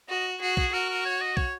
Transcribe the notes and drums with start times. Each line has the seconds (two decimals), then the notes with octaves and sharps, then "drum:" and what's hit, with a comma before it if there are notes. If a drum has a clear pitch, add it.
0.09 F#4 D#5
0.41 F#4 G#4
0.57 G#4, drum: kick
0.73 F#4 A#4
0.89 A#4
1.05 C#5
1.21 D#5
1.37 C#5, drum: kick